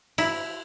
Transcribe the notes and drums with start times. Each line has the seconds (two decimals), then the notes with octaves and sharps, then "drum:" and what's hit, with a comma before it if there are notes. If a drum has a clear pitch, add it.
0.18 E4, drum: cymbal